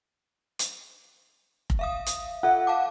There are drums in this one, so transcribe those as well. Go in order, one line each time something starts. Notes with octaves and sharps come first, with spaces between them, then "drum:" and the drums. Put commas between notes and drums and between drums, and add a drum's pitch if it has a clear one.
drum: hi-hat
drum: kick F1
E5 F5 D#6
drum: hi-hat
F4 A4 E5 F#5
F5 A5 D6